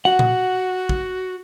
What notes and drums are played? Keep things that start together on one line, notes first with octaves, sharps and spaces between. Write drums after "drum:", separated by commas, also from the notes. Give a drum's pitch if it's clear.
F#4 F#5
drum: tom A#2
drum: kick